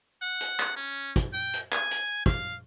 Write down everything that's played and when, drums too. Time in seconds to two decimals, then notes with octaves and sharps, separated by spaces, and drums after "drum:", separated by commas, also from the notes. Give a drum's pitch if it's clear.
0.22 F#5
0.41 drum: hi-hat
0.59 drum: clap
0.76 C#4
1.16 drum: kick, hi-hat
1.33 G5
1.54 drum: hi-hat
1.72 G#5, drum: clap
1.91 drum: hi-hat
2.26 F5, drum: kick, hi-hat